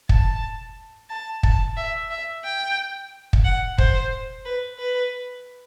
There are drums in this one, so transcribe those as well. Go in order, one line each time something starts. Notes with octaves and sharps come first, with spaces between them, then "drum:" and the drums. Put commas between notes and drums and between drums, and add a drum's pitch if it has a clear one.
A5, drum: kick
A5
A5, drum: kick
E5
E5
G5
drum: kick
F#5
C5, drum: kick
B4
B4